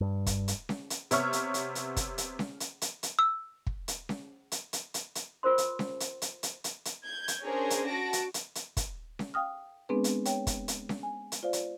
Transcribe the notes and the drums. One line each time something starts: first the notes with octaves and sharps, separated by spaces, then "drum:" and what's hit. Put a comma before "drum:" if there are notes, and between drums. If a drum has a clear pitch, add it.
G2
drum: kick, hi-hat
drum: hi-hat
drum: snare C#4
drum: hi-hat
C3 B3 C#5 E5 C#6 F6, drum: hi-hat
drum: hi-hat
drum: hi-hat
drum: hi-hat
drum: kick, hi-hat
drum: hi-hat
drum: snare C#4
drum: hi-hat
drum: hi-hat
drum: hi-hat
E6
drum: kick
drum: hi-hat
drum: snare C#4
drum: hi-hat
drum: hi-hat
drum: hi-hat
drum: hi-hat
F4 A#4 C5 C6
drum: hi-hat
drum: snare C#4
drum: hi-hat
drum: hi-hat
drum: hi-hat
drum: hi-hat
drum: hi-hat
G6 G#6
drum: hi-hat
C#4 D4 G#4 A#4 C5 C#5
drum: hi-hat
F#4 A5 A#6 D7
drum: hi-hat
drum: hi-hat
drum: hi-hat
drum: kick, hi-hat
drum: snare C#4
F5 G5 D#6 F6
G#3 B3 C4 D4 G#4 B4
drum: hi-hat
C#5 G5, drum: hi-hat
drum: kick, hi-hat
drum: hi-hat
drum: snare C#4
G#5
drum: hi-hat
F4 C5 D5 F5
drum: hi-hat